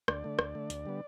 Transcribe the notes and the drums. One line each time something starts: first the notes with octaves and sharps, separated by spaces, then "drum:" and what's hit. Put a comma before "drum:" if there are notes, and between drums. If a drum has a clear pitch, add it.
D2 D5, drum: rim click
D3 A3
D2, drum: rim click
D3 A3
D2, drum: hi-hat
D3 G3 B3